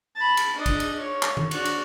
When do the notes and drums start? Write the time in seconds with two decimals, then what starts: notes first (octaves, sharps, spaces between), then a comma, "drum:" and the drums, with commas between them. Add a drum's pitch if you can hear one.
0.16 A5 B5
0.37 drum: cymbal
0.56 D4 D#5
0.66 drum: kick, cymbal
0.80 drum: cymbal
1.00 C#5
1.23 drum: clap
1.37 drum: tom D#3
1.51 D4 F#4, drum: cymbal
1.65 drum: cymbal